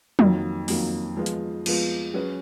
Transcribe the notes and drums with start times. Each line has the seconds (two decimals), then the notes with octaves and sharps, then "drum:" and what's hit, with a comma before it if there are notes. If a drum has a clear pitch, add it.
0.19 F2 D#3 F#3 A#3, drum: tom
0.68 F2 D#3 F#3 A#3, drum: open hi-hat
1.17 F3 G#3 B3 F4
1.26 drum: hi-hat
1.66 F3 G#3 B3 F4, drum: cymbal
2.14 F#3 C#4 G#4 B4